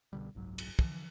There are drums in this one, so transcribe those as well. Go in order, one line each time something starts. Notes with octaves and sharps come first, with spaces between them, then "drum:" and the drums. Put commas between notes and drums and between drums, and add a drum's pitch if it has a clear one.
C2 B2 D3 G3
F#1 C2 G#2 F#3
drum: cymbal
D3 E3 F3, drum: kick